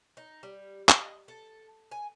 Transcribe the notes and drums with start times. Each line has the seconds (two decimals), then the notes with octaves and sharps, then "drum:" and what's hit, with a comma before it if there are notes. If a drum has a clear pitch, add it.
0.17 D#4
0.43 G3
0.89 D#5, drum: clap
1.28 A4
1.91 G#5